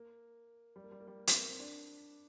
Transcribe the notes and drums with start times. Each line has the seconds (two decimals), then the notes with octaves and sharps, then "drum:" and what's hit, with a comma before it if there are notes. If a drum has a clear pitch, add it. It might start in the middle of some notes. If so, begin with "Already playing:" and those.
Already playing: A#3
0.76 G3
0.84 A#3
0.92 G3
1.00 A#3
1.07 G3
1.17 A#3
1.27 C4, drum: hi-hat
1.38 A#3
1.48 C4
1.59 D4